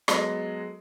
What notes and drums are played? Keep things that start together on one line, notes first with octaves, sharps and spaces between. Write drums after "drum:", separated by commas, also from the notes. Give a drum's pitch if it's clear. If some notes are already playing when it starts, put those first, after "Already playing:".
F#3 G#3 B3 A4 B4 D#5, drum: rim click